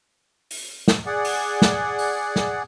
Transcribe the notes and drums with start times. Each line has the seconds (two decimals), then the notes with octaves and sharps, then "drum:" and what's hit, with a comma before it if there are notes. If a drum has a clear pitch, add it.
0.51 drum: open hi-hat
0.88 drum: snare
1.06 G#4 D5 F#5
1.25 drum: open hi-hat
1.62 drum: snare
1.99 drum: open hi-hat
2.36 drum: snare